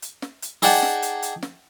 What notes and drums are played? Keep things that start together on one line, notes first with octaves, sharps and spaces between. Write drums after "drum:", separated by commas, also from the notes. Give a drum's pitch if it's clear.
drum: hi-hat
drum: snare
drum: hi-hat
D#4 G#4 D5 F#5 G5 A5, drum: open hi-hat
drum: snare
drum: hi-hat
drum: hi-hat
drum: snare